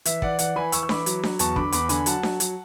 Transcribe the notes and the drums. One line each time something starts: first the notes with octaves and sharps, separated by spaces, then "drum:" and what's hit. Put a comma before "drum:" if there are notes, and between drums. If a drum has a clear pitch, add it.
E3 E5, drum: hi-hat
E3 D5 F#5, drum: kick
E3 D5 F#5, drum: hi-hat
E3 G#5 B5
E3 C#6 E6, drum: hi-hat
E6
E3 B5 D6, drum: snare D4
F#3, drum: hi-hat
F#3, drum: snare D4
E2 A5 C#6, drum: hi-hat
D3 B5 D6, drum: kick
E2 B5 D6, drum: hi-hat
D3 G#5 B5, drum: hi-hat
F#3 F#5 A5, drum: hi-hat
F#3, drum: snare D4
F#3, drum: hi-hat